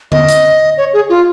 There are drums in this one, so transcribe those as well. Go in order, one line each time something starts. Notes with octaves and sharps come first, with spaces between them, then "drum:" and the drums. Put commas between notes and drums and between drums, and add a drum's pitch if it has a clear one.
D#5, drum: tom D3
drum: hi-hat
C#5
G#4
F4